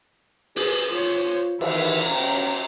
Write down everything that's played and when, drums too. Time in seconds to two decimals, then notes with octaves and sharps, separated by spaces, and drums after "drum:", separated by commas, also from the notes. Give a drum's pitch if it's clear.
0.56 G#4 B4, drum: open hi-hat
0.90 F4 C5 C#5
1.61 D#3 E3 B4 E5, drum: cymbal
2.06 C#4 G5 A#5